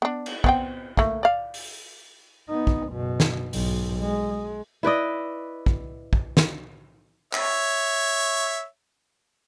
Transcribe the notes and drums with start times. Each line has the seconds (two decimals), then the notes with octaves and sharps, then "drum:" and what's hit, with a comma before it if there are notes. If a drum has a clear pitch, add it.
0.02 B3 D4
0.26 drum: cymbal
0.44 B3 C4 G5, drum: kick
0.97 A3 A#3, drum: kick
1.23 D5 F5
1.54 drum: open hi-hat
2.49 B3 D#4
2.67 drum: kick
2.89 F#1 B2
3.20 drum: snare
3.53 B1 G#2, drum: open hi-hat
3.99 G#3
4.83 E4 B4 D5 D#5
5.66 drum: kick
6.13 drum: kick
6.37 drum: snare
7.34 C#5 E5, drum: clap